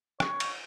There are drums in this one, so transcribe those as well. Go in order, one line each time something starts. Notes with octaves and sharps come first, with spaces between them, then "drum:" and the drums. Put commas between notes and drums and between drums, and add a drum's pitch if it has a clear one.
C#5, drum: rim click
drum: cymbal